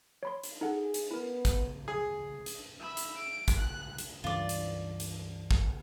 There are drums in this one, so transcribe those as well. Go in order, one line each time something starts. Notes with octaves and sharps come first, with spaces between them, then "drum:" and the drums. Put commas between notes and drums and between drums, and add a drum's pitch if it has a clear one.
C#5 B5 C6
drum: hi-hat
D#4 G#4 A4 F#5
drum: hi-hat
B3 E4 A#4
drum: kick, hi-hat
G#4
drum: hi-hat
E5 B5
drum: hi-hat
D7
drum: kick, hi-hat
F#6
drum: hi-hat
C#2 G2 E3 F4 D5
drum: hi-hat
drum: hi-hat
drum: kick